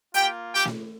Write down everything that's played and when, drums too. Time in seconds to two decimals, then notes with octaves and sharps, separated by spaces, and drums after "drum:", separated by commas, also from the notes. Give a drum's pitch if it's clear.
0.14 A#3 F4 G4 G5, drum: hi-hat
0.53 G4 G5
0.65 drum: snare